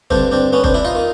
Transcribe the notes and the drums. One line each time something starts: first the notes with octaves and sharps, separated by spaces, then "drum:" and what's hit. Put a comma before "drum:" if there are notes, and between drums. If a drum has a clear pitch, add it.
G2 D3 C4 D4, drum: kick
C4 D4
B3 C#4
C4 D4, drum: kick
D4 E4
D#4 F4
D#3